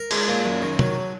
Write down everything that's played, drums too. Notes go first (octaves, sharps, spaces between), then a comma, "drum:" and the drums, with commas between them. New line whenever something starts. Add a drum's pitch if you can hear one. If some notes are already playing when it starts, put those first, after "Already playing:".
Already playing: A#4
G#3, drum: cymbal
A#2
F#2
D#3
F#3, drum: tom